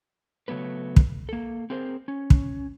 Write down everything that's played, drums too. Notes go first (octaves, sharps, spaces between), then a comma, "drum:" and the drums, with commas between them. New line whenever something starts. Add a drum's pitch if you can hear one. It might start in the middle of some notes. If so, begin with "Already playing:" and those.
C#3 F#3 A3 B3 B4
drum: kick
A#3 A4
C4 G#4 A#4 C5
C#4
drum: kick